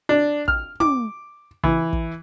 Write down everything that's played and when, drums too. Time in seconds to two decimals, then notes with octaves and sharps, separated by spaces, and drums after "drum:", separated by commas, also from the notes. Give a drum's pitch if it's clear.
0.09 D4
0.48 F6, drum: kick
0.80 D6, drum: tom
1.64 E3, drum: kick
1.93 drum: kick